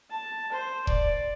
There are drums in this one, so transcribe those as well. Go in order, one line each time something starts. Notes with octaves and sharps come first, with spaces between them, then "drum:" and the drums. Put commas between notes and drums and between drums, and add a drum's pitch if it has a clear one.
A5
C5
D5, drum: kick E1